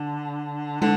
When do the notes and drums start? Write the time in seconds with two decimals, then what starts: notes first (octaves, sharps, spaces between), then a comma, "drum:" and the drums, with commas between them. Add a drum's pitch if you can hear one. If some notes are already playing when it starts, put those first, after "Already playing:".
Already playing: D3
0.82 D3, drum: tom